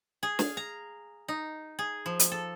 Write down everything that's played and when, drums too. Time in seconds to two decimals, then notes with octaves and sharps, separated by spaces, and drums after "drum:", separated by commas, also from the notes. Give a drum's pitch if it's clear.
0.23 G#4
0.39 F5, drum: snare
0.57 A#5
1.28 D#4
1.79 G#4
2.06 F3
2.19 drum: hi-hat
2.32 A4